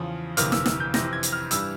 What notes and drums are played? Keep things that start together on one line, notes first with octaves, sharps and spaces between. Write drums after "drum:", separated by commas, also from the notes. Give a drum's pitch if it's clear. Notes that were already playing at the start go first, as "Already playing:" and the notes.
Already playing: E2 C#3 F3
G1 F2 C3 E3 A#3 F6, drum: hi-hat
E6, drum: snare
E6, drum: snare
G6
F2 C3 E3 A#6, drum: snare
G#6
drum: hi-hat
F6
G2 E3 G3 E6, drum: hi-hat